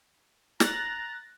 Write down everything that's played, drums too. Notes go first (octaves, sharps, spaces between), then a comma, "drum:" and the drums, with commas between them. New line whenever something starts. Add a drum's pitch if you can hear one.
A#5 F#6 A6 A#6, drum: snare